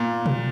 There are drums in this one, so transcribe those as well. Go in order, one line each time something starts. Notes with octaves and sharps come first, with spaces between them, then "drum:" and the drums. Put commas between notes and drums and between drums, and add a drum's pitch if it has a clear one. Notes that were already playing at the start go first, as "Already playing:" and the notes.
Already playing: A#2
drum: tom B2